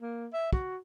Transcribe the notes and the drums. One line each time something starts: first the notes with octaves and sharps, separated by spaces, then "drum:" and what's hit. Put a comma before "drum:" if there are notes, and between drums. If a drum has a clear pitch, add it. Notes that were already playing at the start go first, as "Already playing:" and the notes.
A#3
E5
F#4, drum: kick